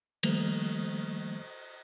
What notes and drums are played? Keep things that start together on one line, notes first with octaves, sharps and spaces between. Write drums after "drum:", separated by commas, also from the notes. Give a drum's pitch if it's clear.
D#3 F3 G3 A3 A#3, drum: cymbal